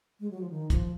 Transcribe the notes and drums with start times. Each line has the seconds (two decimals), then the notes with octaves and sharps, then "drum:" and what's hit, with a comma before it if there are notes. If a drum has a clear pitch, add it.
0.20 G#3
0.31 F#3
0.41 F3
0.50 D#3
0.70 F3, drum: kick, hi-hat